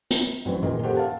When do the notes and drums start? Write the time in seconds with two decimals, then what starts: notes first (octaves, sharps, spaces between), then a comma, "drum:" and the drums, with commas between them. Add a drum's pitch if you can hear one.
0.11 drum: hi-hat
0.45 A1 F#3 C4 B4
0.62 D#1 A#2 G#4 D#5
0.83 G4 A4 A#4 C5 F#5
0.97 F5 A5